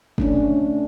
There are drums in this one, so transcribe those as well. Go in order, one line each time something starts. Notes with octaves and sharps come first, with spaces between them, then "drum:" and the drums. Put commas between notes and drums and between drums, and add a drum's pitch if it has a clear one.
A3 C#4 D4, drum: kick